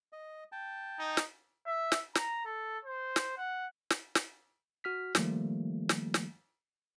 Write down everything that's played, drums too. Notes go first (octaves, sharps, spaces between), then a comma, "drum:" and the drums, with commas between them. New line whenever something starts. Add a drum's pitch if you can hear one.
D#5
G5 A5
D#4
drum: snare
E5
drum: snare
A#5, drum: snare
A4
C5
drum: snare
F#5
drum: snare
drum: snare
F#4 F6 B6
D#3 F3 G3 A3 A#3, drum: snare
drum: snare
drum: snare